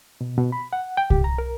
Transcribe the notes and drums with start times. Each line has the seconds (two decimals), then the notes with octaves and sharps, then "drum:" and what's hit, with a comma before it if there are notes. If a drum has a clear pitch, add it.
0.21 B2
0.37 B2
0.52 B5
0.73 F#5
0.97 G5
1.10 G4, drum: kick C2
1.24 A#5
1.38 A#4